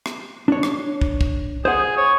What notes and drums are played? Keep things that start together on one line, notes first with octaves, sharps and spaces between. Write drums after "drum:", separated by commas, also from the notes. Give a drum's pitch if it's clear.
drum: rim click
D4 C#5
drum: rim click
drum: kick
drum: kick
G#4 C5 F#5
C#5